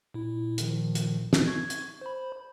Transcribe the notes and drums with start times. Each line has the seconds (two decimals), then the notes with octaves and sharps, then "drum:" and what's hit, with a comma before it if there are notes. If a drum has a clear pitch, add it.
0.14 A#2 E4
0.58 A#2 D#3 F3, drum: hi-hat
0.95 drum: hi-hat
1.33 drum: snare
1.46 C#6 G#6
1.70 drum: hi-hat
2.01 C5 B5